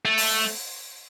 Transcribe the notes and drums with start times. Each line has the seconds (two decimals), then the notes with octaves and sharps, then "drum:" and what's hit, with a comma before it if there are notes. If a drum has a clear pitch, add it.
0.05 A3
0.18 drum: open hi-hat